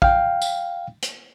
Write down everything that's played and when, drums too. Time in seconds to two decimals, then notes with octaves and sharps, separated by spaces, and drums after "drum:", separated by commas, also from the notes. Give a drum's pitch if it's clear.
0.02 F5 G5, drum: kick
0.42 drum: tambourine
1.02 drum: hi-hat